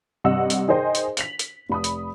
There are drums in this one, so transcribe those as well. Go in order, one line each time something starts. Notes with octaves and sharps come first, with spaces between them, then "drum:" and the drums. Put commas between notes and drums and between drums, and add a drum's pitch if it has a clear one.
G2 C3 D#5 F#5 E6
drum: hi-hat
D#4 G#4 A#4 C5 D#5 G5
drum: hi-hat
B6 F7 F#7, drum: hi-hat
drum: hi-hat
F1 B5 D#6
drum: hi-hat